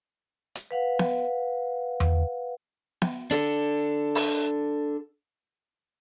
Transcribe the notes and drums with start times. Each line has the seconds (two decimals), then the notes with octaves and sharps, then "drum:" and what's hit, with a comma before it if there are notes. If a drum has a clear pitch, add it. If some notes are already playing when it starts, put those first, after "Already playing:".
0.55 drum: hi-hat
0.71 B4 F5 F#5
0.99 drum: snare B3
2.00 drum: tom E2
3.02 drum: snare B3
3.31 D4 A4
4.15 drum: open hi-hat